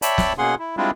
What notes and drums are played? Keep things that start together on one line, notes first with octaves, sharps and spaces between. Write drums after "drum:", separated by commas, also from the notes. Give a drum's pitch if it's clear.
C#5 D5 E5 G5 A5 B5, drum: hi-hat
drum: snare
B2 A#3 C#4 G#4 F#5 C6
E4
G3 G#3 C4 D4 E4 F4